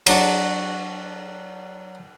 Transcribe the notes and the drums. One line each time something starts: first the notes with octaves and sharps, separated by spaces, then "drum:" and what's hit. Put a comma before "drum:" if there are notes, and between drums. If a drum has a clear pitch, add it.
F#3 D4 F#4, drum: cymbal